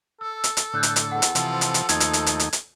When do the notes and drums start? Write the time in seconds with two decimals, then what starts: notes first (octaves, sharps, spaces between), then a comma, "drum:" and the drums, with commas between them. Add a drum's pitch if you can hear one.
0.21 A4 E6
0.44 drum: hi-hat
0.57 drum: hi-hat
0.73 A2 D3 E6 F#6 G6
0.83 drum: hi-hat
0.96 drum: hi-hat
1.12 E2 F#5
1.22 drum: hi-hat
1.35 C3 E3 F3, drum: hi-hat
1.61 drum: hi-hat
1.74 drum: hi-hat
1.89 D#2 F3 A3 D#4 G#6, drum: hi-hat
2.00 drum: hi-hat
2.13 drum: hi-hat
2.26 drum: hi-hat
2.40 drum: hi-hat
2.53 drum: hi-hat